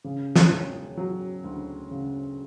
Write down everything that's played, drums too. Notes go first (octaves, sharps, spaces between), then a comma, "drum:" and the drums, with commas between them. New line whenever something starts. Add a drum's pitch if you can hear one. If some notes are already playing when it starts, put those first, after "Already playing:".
C#3
drum: snare
E1
F#3
D2
C#3